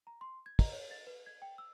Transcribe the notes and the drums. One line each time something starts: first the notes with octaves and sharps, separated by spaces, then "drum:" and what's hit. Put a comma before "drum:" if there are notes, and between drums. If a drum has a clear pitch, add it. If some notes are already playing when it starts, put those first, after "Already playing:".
A#5
C6
G#6
A#5, drum: kick, open hi-hat
C#5
A6
B4
G#6
G5
E6